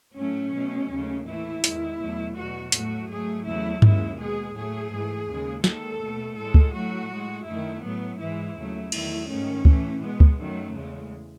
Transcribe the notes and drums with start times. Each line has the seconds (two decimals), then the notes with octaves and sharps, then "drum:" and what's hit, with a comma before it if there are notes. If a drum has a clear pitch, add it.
0.17 A2 F#3 A3 C#4
0.54 B2 F#3 A3
0.91 D#2 C#3 F#3 A3
1.26 A2 E3 A3 E4
1.64 E2 D#3 G#3, drum: hi-hat
2.00 E2 B2 F#3 A3
2.37 E2 B2 F#3 F#4
2.72 A2 F#3 A3 F#4, drum: hi-hat
3.09 G#2 F#3 A3 G#4
3.45 E2 C#3 F#3 A3 E4
3.82 D#2 C#3 G#3 E4, drum: tom G2
4.18 B2 G#3 G#4
4.56 A2 F#3 A3 G#4
4.91 G#2 E3 A3
5.29 D#2 C#3 G#3
5.64 D#2 D#3 G#3 A4, drum: snare
6.01 B2 A3
6.37 A2 G#3 A4
6.54 drum: kick C#2
6.74 A2 F#3 A3 F#4
7.10 A2 G#3
7.47 F#2 D#3 A3 E4
7.83 A2 F#3 A3 B3
8.19 G#2 E3 G#3 E4
8.56 D#2 C#3 F#3 A3
8.92 E2 D#3 F#3 A3 E4, drum: cymbal
9.29 G#2 D#3 A3 C#4
9.65 A2 E3 A3, drum: kick C#2
10.02 B2 G#3 B3
10.20 drum: kick C#2
10.39 F#2 D#3 F#3 A3
10.74 E2 C#3 G#3